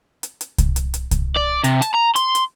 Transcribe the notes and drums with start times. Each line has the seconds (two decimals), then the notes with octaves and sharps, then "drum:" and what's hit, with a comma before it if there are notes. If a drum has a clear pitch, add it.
0.23 drum: hi-hat
0.41 drum: hi-hat
0.58 drum: kick C2, hi-hat
0.76 drum: hi-hat
0.94 drum: hi-hat
1.11 drum: kick C2, hi-hat
1.37 D5
1.64 C3, drum: hi-hat
1.82 A5, drum: hi-hat
1.95 A#5
2.16 C6, drum: hi-hat
2.35 drum: hi-hat